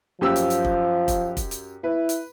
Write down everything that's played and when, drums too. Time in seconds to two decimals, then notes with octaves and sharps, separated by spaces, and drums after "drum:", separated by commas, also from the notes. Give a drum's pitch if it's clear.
0.21 F#2 F3 G4 E6
0.36 drum: hi-hat
0.50 drum: hi-hat
0.65 drum: kick
1.08 drum: kick, hi-hat
1.37 drum: kick, hi-hat
1.51 drum: hi-hat
1.84 E4 B4
2.09 drum: hi-hat